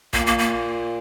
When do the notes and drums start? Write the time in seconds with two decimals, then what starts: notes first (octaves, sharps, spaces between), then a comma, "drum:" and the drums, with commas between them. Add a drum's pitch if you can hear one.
0.13 A#2 A#3, drum: kick
0.27 A#3
0.38 A#3